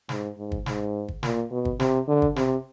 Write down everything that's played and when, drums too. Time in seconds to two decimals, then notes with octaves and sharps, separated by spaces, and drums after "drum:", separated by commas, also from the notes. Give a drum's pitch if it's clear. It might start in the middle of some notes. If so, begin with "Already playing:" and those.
0.09 G#2, drum: snare
0.38 G#2
0.52 drum: kick
0.66 G#2, drum: snare
1.08 drum: kick
1.23 A#2, drum: snare
1.52 B2
1.65 drum: kick
1.80 C3, drum: snare
2.08 D3
2.22 drum: kick
2.36 C3, drum: snare